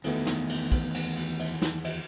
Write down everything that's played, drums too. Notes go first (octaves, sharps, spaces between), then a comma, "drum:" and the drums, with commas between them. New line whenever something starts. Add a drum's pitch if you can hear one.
E2 D#3 E3 A3 B3, drum: cymbal
drum: snare
drum: cymbal
drum: kick, cymbal
drum: cymbal
drum: cymbal
drum: cymbal
drum: snare
drum: cymbal